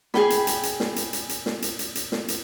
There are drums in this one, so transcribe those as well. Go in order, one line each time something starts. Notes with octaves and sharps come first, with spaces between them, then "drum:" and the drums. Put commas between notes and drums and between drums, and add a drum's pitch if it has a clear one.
G#4 G5 B5, drum: snare
drum: hi-hat
drum: hi-hat
drum: hi-hat
drum: snare
drum: hi-hat
drum: hi-hat
drum: hi-hat
drum: snare
drum: hi-hat
drum: hi-hat
drum: hi-hat
drum: snare
drum: hi-hat